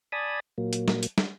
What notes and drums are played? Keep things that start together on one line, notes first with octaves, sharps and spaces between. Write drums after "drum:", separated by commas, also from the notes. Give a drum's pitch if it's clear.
D5 G#5 A5 B5 D#6
A#2 F#3 A#3
drum: hi-hat
drum: snare
drum: hi-hat
drum: snare